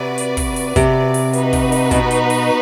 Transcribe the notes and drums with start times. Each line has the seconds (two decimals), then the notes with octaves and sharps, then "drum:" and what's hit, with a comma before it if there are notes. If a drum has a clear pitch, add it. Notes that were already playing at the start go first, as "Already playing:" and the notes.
Already playing: C3 F#4 B4 D5
0.18 drum: hi-hat
0.37 drum: kick, open hi-hat
0.56 drum: open hi-hat
0.76 C3, drum: kick, hi-hat
1.14 drum: open hi-hat
1.33 D#4 F#4 B4, drum: hi-hat
1.53 drum: kick, open hi-hat
1.72 drum: open hi-hat
1.91 B2, drum: kick, hi-hat
2.11 drum: hi-hat
2.30 drum: open hi-hat